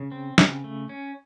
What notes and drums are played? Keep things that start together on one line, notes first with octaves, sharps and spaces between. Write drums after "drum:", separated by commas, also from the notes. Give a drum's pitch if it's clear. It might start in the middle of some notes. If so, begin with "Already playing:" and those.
Already playing: C#3
C4
C#3, drum: snare
A3
C#4